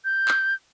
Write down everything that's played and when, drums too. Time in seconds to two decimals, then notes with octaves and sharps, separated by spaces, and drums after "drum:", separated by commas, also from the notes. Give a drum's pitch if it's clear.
0.05 G6
0.28 drum: clap